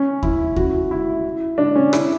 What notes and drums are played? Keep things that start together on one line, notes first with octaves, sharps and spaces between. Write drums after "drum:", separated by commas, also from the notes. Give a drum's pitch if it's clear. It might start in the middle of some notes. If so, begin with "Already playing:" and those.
Already playing: C#4
E4, drum: kick D#2
F#4, drum: kick D#2
E4
D4
C#4
E4, drum: rim click